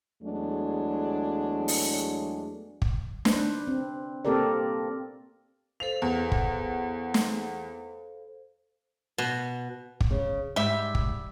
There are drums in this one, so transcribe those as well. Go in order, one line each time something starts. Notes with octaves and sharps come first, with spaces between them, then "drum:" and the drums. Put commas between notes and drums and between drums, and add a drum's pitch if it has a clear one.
E2 F#3 G#3 A3 D4
drum: open hi-hat
drum: kick
D4 B4 C5, drum: snare
C4
A#3 C4 G4 A4 A#4 D5
A4 C5 F5 F7
E2
drum: kick
drum: snare
B2
drum: kick
C#3
G#2 G3 E5
drum: kick